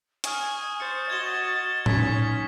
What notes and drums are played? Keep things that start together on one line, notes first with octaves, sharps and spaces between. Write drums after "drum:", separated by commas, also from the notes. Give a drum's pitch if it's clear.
G#5 C#6 D#6 F6, drum: hi-hat
C5 A6 C#7
F#4 D#5 G#6 E7 G7
C#4 D#4 G#6 B6, drum: tom A2